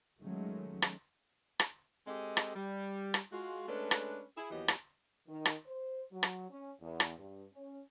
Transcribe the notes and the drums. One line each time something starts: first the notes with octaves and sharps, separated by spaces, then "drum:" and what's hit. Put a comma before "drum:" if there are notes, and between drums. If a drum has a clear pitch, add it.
D#3 F#3 G#3 A3 C#4
drum: rim click
drum: rim click
G#3 C4 G4 A4 D#5
drum: rim click
G3
drum: rim click
G#3 F4 F#4
G#3 A3 C#4 D4 B4
drum: rim click
E4 G#4
D#2 E3 F#3 B3 G4 D#5
drum: rim click
D#3
drum: rim click
C5
F#3
drum: rim click
C#4
E2
drum: rim click
G2
C#4